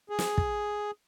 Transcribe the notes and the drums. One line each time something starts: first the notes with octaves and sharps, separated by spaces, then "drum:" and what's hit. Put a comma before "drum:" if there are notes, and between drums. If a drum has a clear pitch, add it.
G#4
drum: snare
drum: kick